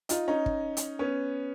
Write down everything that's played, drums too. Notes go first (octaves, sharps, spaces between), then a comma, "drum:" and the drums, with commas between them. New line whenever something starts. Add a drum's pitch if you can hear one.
D#4 F4, drum: hi-hat
C#4 D#4
drum: kick
drum: hi-hat
B3 C#4